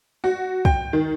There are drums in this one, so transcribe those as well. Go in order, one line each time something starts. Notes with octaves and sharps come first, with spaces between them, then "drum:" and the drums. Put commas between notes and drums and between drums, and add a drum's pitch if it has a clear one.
F#4
G5, drum: kick
D#3